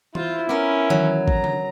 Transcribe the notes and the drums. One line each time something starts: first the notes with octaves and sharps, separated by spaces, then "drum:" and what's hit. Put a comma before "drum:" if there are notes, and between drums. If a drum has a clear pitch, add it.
E4 F4 C5 C6, drum: tom E3
B3 C#4 A#4 D6
D#3 E3 F#3
A#5, drum: kick G#1
drum: tom C#3